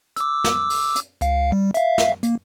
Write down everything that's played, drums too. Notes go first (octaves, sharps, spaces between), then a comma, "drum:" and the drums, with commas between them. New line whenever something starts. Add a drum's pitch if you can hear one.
D6 E6, drum: hi-hat
drum: snare
drum: open hi-hat
drum: hi-hat
C#2 F5, drum: hi-hat
G3
E5 F5, drum: hi-hat
drum: snare
A#3, drum: hi-hat